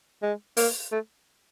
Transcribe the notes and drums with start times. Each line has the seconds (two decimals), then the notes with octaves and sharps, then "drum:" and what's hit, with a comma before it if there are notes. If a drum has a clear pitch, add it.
0.22 G#3
0.57 A#3, drum: open hi-hat
0.92 A3